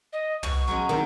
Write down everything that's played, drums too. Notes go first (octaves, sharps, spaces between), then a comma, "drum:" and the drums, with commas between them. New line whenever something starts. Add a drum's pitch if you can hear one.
D#5
B2 C#6, drum: tom
F#3 G#3 C#4
D#3 C4